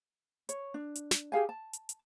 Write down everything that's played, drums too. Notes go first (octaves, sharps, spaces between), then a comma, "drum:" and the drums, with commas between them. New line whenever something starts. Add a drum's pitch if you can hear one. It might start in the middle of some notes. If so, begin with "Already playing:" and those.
C#5, drum: hi-hat
D4
drum: hi-hat
drum: snare
G4 G#4 F5 G#5
A5
drum: hi-hat
drum: hi-hat